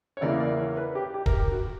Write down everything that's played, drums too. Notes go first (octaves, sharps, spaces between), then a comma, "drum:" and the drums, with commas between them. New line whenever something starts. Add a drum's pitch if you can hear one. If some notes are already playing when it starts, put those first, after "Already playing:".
C#5
E2 C#3 E3 A#3 D5
D5
C#5
B4
G4
G4
A#4, drum: kick D#1
G4
F#4